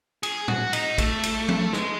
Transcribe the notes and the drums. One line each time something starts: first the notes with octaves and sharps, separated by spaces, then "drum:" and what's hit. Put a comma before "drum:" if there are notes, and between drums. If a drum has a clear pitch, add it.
G#4, drum: cymbal
F#4, drum: tom
D#4, drum: cymbal
A3, drum: kick A#1, cymbal
drum: cymbal
drum: tom
G#3, drum: snare